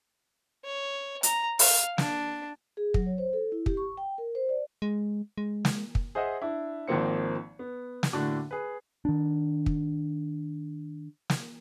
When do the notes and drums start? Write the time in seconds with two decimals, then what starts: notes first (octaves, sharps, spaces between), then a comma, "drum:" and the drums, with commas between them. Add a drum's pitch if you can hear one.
0.65 C#5
1.23 A#5, drum: hi-hat
1.59 F5, drum: open hi-hat
1.98 D4, drum: snare
2.77 G#4
2.94 F#3, drum: kick
3.06 C#5
3.18 C5
3.33 A4
3.52 E4
3.66 G4, drum: kick
3.77 C#6
3.97 G5
4.18 A#4
4.35 C5
4.49 D5
4.82 G#3
5.38 G#3
5.65 drum: snare
5.95 drum: kick
6.15 G#4 C5 D#5 E5 F#5
6.42 D4 E4
6.88 G#1 D#3 F3 A#3 C4 C#7
7.59 B3
8.03 drum: snare
8.12 A2 D3 D4 F#4
8.51 G#4 B4
9.05 D#3 D4
9.66 drum: kick
11.30 drum: snare